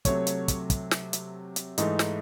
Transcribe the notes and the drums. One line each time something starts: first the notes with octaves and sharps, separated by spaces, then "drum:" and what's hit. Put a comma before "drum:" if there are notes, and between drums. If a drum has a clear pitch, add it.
C3 F#3 A3 C#5, drum: kick, hi-hat
drum: hi-hat
drum: kick, hi-hat
drum: kick, hi-hat
drum: snare
drum: hi-hat
drum: hi-hat
G#2 E3 A3 D#4, drum: hi-hat
drum: snare